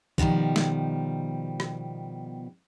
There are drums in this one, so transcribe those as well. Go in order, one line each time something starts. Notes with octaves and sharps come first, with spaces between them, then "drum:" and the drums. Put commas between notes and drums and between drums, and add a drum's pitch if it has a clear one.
B2 D3 D#3 F3 G3, drum: kick A#1
drum: snare
drum: rim click